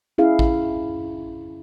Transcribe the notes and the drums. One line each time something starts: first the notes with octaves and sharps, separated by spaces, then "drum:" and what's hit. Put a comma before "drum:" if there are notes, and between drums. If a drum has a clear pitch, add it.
C#4 E4 G#4 F5
drum: kick A1